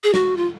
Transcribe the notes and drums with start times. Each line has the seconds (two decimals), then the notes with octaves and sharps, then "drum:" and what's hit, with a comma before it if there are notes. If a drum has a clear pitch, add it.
0.04 G#4
0.14 F#4, drum: snare
0.37 F4